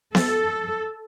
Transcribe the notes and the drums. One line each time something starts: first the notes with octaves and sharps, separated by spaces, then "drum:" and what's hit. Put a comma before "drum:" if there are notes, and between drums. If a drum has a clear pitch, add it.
A4, drum: snare B3